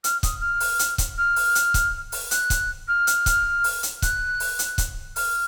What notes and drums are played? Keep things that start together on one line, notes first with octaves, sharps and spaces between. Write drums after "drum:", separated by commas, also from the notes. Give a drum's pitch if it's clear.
F6, drum: hi-hat
D#6, drum: kick, hi-hat
F6
drum: open hi-hat
drum: hi-hat
drum: kick, hi-hat
F6
drum: open hi-hat
drum: hi-hat
drum: kick, hi-hat
drum: open hi-hat
F#6, drum: hi-hat
drum: kick, hi-hat
F6
drum: hi-hat
drum: kick, hi-hat
drum: open hi-hat
drum: hi-hat
F#6, drum: kick, hi-hat
drum: open hi-hat
drum: hi-hat
drum: kick, hi-hat
F6, drum: open hi-hat